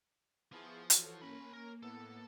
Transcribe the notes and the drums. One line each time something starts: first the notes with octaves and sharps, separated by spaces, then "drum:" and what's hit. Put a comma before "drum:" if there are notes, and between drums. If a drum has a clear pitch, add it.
F3 B3 E4 G#4 C6 C#6
E3 F#4 A4 C#5, drum: hi-hat
A#3 C#4 A#4 B5
A#4
A2 B3 A4